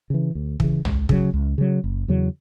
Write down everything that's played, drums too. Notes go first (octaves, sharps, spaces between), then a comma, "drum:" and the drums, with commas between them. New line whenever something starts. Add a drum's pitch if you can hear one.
C#3 E3
D2
C#3 E3, drum: kick
C#2, drum: tom
C#3 F#3, drum: kick
C#2
C#3 F#3
F#1
E2 C#3 F#3